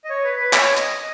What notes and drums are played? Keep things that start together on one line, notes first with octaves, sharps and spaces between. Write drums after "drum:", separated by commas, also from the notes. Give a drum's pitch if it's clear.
D#5
C#5
B4
B4
C#5, drum: clap
D#5, drum: hi-hat
D#5